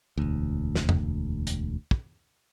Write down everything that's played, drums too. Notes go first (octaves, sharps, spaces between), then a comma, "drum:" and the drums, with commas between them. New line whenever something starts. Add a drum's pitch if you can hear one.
E1 D2
drum: snare
drum: tom F2
drum: hi-hat
drum: kick